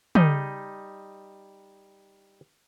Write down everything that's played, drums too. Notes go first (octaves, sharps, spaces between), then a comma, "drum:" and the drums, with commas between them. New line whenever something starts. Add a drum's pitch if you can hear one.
G3 D#4 D#5, drum: tom